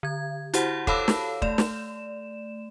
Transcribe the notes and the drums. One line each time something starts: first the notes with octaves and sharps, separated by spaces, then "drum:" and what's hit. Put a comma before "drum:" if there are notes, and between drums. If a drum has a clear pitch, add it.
D3 G#6
E4 F#4 G4 C5 F#5, drum: hi-hat
A4 C#5 F5 A5 B5 E6, drum: kick
drum: snare
A3 D5 E7, drum: kick
drum: snare